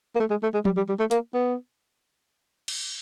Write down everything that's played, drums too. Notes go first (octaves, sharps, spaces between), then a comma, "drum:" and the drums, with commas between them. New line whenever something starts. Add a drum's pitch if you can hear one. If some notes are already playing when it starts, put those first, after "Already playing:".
A#3
A3
G#3
A3
G#3
G3, drum: tom F3
G3
G3
A3
A#3, drum: hi-hat
B3
drum: cymbal